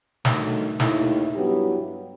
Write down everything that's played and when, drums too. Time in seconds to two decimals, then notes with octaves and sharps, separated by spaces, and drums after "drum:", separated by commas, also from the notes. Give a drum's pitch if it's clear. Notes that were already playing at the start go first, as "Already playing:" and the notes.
0.25 G2 D#3 F#3 A3, drum: snare
0.80 D#2 D#3 A3 E4, drum: snare
1.35 G2 F#3 B3 E4 G4